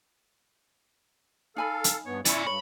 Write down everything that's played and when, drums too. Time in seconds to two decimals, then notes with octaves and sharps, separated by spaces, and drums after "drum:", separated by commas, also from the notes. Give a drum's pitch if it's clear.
1.56 D#4 A4 F5 G#5 B5
1.84 drum: hi-hat
2.06 G2 B3 C#5
2.25 C#4 E4 D5 G#5 C#6, drum: hi-hat
2.47 G2 C#5 B5